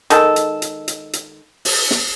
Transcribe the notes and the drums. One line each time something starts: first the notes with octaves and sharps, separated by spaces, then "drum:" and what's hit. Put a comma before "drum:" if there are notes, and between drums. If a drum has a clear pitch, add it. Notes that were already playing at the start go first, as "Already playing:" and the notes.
D#3 G#3 A4, drum: hi-hat
drum: hi-hat
drum: hi-hat
drum: hi-hat
drum: hi-hat
drum: open hi-hat
drum: snare